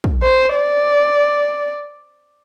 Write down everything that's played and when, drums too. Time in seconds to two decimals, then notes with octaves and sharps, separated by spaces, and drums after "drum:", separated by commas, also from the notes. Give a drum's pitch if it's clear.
0.04 drum: kick
0.23 C5
0.55 D5